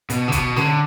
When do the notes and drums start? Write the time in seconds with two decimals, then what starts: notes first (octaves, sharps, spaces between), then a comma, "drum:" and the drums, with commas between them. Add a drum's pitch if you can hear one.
0.10 B2, drum: hi-hat
0.28 D3
0.32 B2, drum: kick, hi-hat
0.56 D3, drum: snare